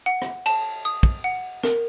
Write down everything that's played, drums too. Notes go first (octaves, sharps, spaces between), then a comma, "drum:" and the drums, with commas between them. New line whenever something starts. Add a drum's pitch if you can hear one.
F#5
drum: rim click
A5, drum: cymbal
D#6
drum: kick
F#5
A#4, drum: snare